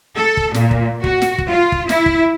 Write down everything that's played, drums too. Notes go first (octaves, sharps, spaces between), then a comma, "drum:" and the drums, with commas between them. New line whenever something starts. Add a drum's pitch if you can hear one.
A4
drum: kick
A#2, drum: snare
drum: kick
F#4, drum: kick
drum: snare
drum: kick
F4
drum: kick
E4, drum: snare
drum: kick